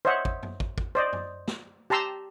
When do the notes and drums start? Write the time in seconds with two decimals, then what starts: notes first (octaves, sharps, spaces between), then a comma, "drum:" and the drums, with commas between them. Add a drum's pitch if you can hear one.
0.05 C5 C#5 D#5 E5 F#5
0.25 drum: kick
0.43 drum: tom F#2
0.60 drum: kick
0.78 drum: kick
0.95 C5 D5 D#5
1.13 drum: tom F#2
1.48 drum: snare
1.90 G4 A5 A#5 C6 E6